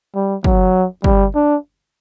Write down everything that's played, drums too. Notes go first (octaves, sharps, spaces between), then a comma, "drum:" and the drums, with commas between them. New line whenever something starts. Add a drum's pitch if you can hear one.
G3
F#3, drum: kick
G3, drum: kick
D4